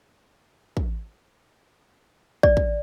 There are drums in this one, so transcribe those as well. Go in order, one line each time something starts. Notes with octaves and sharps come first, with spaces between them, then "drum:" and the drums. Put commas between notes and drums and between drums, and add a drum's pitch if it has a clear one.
drum: kick
D5, drum: kick
drum: kick